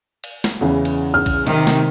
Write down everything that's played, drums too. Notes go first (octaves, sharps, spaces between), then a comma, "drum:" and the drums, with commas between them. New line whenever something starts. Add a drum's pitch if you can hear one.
drum: cymbal
drum: snare
E2 C#3 E3
drum: cymbal
F6
drum: kick, cymbal
C3 D#3, drum: cymbal
drum: snare